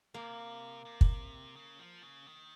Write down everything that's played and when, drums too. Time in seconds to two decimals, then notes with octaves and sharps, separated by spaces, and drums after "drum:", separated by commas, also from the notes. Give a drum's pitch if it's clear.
0.14 C3 A#3
0.85 C3
1.01 drum: kick
1.56 C#3
1.79 F3
2.03 C#3
2.26 D#3